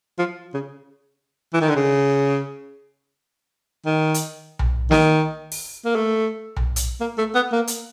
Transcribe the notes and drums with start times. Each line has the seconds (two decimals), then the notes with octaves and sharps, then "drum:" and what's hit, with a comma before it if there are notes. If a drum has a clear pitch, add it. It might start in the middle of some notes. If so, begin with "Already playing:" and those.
0.19 F3
0.54 C#3
1.54 E3
1.61 D#3
1.69 D3
1.76 C#3
3.86 D#3
4.14 drum: hi-hat
4.59 drum: tom B1
4.91 D#3, drum: snare
5.52 drum: open hi-hat
5.85 A#3
5.95 A3
6.57 drum: tom B1
6.76 drum: hi-hat
7.01 A#3
7.18 A3
7.35 B3
7.52 A#3
7.67 drum: hi-hat